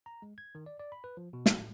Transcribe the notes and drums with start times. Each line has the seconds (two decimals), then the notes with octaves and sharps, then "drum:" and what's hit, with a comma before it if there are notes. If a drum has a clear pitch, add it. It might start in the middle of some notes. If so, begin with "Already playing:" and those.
0.06 A#5
0.22 G#3
0.38 G#6
0.55 D#3
0.66 D5
0.79 D5
0.92 B5
1.04 B4
1.17 F3
1.33 B2
1.46 E6, drum: snare
1.58 A2